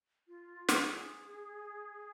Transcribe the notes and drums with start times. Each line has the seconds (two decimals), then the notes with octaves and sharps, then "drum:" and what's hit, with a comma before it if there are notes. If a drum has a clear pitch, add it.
0.28 F4
0.69 G#4, drum: snare